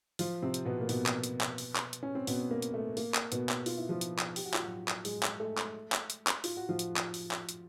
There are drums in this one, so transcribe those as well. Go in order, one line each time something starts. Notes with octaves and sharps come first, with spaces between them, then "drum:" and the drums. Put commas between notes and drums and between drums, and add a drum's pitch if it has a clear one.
F3 F4, drum: open hi-hat
C3 C4
drum: hi-hat
B2 B3
A#3
B2 B3, drum: open hi-hat
drum: clap
drum: hi-hat
drum: clap
drum: open hi-hat
drum: clap
drum: hi-hat
C#4
C4
B2 B3, drum: open hi-hat
A#3
drum: hi-hat
A3
A#3, drum: open hi-hat
drum: clap
B2 B3, drum: hi-hat
drum: clap
F4, drum: open hi-hat
E4
F3 F4
drum: hi-hat
drum: clap
G4, drum: open hi-hat
F#4
F4, drum: clap
F#3 F#4
drum: clap
G#3 G#4, drum: open hi-hat
drum: clap
A3 A4
drum: clap
drum: clap
drum: hi-hat
drum: clap
F4, drum: open hi-hat
F#4
F3 F4
drum: hi-hat
drum: clap
drum: open hi-hat
drum: clap
drum: hi-hat